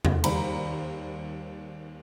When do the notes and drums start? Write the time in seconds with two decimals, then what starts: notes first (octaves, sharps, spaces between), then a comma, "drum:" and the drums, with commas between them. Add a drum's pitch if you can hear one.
0.05 drum: tom E2
0.24 D#2 G3 C5 A#5 B5, drum: cymbal